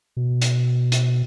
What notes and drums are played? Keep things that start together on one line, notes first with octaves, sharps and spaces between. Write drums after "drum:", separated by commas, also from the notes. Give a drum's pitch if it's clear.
B2
drum: hi-hat
drum: hi-hat